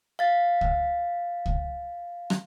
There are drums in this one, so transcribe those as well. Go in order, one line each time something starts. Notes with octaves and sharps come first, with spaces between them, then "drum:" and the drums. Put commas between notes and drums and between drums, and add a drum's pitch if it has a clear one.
F5 A6
drum: kick C#2
drum: kick C#2
drum: rim click